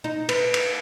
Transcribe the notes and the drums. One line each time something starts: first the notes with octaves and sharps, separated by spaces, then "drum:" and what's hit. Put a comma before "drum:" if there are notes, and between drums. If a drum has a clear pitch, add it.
D#4
B4, drum: cymbal
drum: cymbal